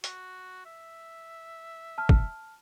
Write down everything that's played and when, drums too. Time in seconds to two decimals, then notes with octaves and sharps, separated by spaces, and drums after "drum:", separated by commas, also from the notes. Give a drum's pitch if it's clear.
0.04 F#4, drum: hi-hat
0.65 E5
1.98 A5 F6
2.09 drum: kick